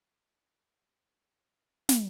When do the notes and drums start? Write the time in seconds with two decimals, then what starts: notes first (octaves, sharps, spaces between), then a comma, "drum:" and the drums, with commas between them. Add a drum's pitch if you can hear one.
0.23 B3 C#4
1.89 drum: snare